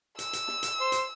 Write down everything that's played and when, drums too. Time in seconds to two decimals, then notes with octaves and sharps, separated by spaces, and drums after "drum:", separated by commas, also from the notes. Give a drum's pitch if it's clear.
0.19 E6, drum: hi-hat
0.33 drum: hi-hat
0.48 drum: snare
0.63 drum: hi-hat
0.80 C5
0.92 drum: hi-hat